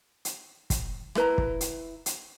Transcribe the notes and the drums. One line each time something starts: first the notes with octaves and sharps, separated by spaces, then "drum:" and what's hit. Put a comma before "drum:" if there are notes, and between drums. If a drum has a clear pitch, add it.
drum: hi-hat
drum: kick, hi-hat
E4 B4 A#5, drum: rim click
drum: kick
drum: hi-hat
drum: hi-hat